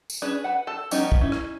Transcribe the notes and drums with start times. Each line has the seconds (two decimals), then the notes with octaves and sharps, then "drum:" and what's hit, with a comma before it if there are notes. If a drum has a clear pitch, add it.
0.10 drum: tambourine
0.22 C#4 D4 G#4 B4
0.44 B4 F#5
0.67 A4 A5
0.91 F3 G3 B3 C#4 D#4, drum: tambourine
1.12 drum: kick
1.21 C#4 D#4 E4
1.32 drum: rim click